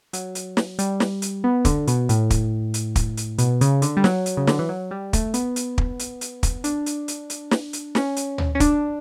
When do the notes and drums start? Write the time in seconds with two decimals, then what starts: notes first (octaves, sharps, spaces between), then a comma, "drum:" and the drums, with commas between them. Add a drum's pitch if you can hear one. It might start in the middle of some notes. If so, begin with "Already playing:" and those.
0.13 F#3, drum: hi-hat
0.35 drum: hi-hat
0.57 drum: snare
0.79 G3, drum: hi-hat
1.00 drum: snare
1.22 drum: hi-hat
1.44 B3
1.65 D3, drum: kick, hi-hat
1.87 B2, drum: hi-hat
2.09 A2, drum: hi-hat
2.30 drum: kick, hi-hat
2.74 drum: hi-hat
2.96 drum: kick, hi-hat
3.17 drum: hi-hat
3.38 B2, drum: hi-hat
3.61 C#3, drum: hi-hat
3.82 D3, drum: hi-hat
3.97 G3
4.04 F#3, drum: snare
4.26 drum: hi-hat
4.37 C#3
4.47 D3, drum: snare
4.59 E3
4.69 F#3
4.91 G3
5.13 A3, drum: kick, hi-hat
5.34 B3, drum: hi-hat
5.56 drum: hi-hat
5.78 drum: kick
5.99 drum: hi-hat
6.21 drum: hi-hat
6.43 drum: kick, hi-hat
6.64 D4, drum: hi-hat
6.86 drum: hi-hat
7.08 drum: hi-hat
7.30 drum: hi-hat
7.51 drum: snare
7.73 drum: hi-hat
7.95 C#4, drum: snare
8.16 drum: hi-hat
8.38 drum: tom
8.55 C#4
8.60 D4, drum: kick, hi-hat